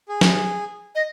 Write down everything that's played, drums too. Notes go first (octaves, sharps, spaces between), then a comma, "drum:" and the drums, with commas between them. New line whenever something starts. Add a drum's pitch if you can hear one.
G#4
drum: snare
D#5